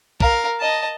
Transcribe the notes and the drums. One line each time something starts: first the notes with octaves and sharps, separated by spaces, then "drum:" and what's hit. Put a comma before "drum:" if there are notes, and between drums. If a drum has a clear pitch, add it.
A#4 F5, drum: kick
D#5 A5